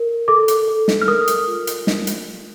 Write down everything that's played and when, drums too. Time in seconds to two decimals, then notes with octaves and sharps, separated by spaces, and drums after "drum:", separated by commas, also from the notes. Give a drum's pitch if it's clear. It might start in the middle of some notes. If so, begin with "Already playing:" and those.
Already playing: A#4
0.28 A4 D6
0.48 drum: hi-hat
0.68 A4
0.88 drum: snare
1.01 F6
1.08 A#4 D#6
1.28 drum: hi-hat
1.47 F4
1.67 drum: hi-hat
1.87 drum: snare
2.07 drum: hi-hat